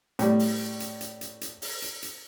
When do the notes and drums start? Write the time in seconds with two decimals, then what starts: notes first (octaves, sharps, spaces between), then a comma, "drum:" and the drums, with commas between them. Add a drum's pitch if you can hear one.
0.19 A2 G3, drum: hi-hat
0.39 drum: open hi-hat
0.80 drum: hi-hat
1.01 drum: hi-hat
1.21 drum: hi-hat
1.41 drum: hi-hat
1.62 drum: open hi-hat
1.82 drum: hi-hat
2.03 drum: hi-hat